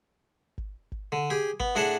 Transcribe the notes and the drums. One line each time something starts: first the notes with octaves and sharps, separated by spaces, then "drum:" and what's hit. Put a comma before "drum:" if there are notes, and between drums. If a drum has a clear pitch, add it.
drum: kick G#1
drum: kick G#1
D3
G4 G#4
B3, drum: kick G#1
A2 D4 G#4 F#5 A5